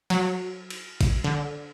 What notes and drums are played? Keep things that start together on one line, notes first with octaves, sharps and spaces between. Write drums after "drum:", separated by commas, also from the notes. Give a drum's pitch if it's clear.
F#3, drum: cymbal
drum: cymbal
drum: kick A1, cymbal
D3